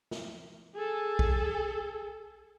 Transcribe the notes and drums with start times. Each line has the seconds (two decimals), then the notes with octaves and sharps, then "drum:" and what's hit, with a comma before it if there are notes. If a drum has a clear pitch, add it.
0.11 drum: snare
0.75 G#4 A4
1.19 drum: kick